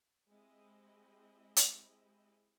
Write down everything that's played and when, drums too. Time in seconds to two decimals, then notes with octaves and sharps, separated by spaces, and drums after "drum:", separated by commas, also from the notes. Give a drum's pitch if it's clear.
0.30 G#3 C4 E4 G4 D#5
1.56 drum: hi-hat